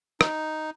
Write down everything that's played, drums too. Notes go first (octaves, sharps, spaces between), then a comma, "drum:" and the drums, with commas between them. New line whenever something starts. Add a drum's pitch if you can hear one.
D#4, drum: rim click